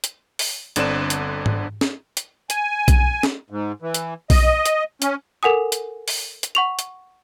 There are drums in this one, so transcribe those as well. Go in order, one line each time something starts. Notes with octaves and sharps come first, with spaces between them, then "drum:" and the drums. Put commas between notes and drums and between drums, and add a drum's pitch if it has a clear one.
drum: hi-hat
drum: open hi-hat
G1 D3 C4 D4 E7, drum: hi-hat
drum: hi-hat
drum: tom G#2
drum: snare
drum: hi-hat
G#5, drum: hi-hat
drum: kick B1, hi-hat
drum: snare
G#2
E3
drum: hi-hat
D#5, drum: kick B1, open hi-hat
drum: hi-hat
C#4, drum: hi-hat
A4 A#4 F#5 G#5 D#6
drum: hi-hat
drum: open hi-hat
drum: hi-hat
F#5 C#6 F7
drum: hi-hat